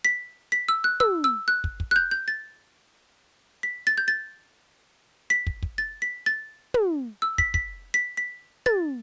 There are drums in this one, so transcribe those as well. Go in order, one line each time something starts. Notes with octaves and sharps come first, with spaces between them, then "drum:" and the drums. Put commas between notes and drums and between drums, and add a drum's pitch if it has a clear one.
B6
B6
E6
F#6
E6, drum: tom
E6
F#6
drum: kick
drum: kick
F#6
G6
G6
A6
B6
A6
G6
A6
B6
drum: kick
drum: kick
A6
B6
A6
drum: tom
E6
B6, drum: kick
B6, drum: kick
B6
B6
A6, drum: tom